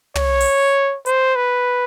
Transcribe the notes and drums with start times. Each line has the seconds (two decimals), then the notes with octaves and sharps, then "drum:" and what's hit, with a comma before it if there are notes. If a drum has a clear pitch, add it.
0.15 C#5, drum: tom
0.40 drum: open hi-hat
1.06 C5, drum: hi-hat
1.36 B4